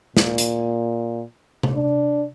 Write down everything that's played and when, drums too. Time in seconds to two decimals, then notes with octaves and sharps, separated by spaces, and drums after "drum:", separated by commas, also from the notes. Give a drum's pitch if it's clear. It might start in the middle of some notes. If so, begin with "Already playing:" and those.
0.17 A#2, drum: snare
0.38 drum: hi-hat
1.63 drum: tom C3
1.74 D4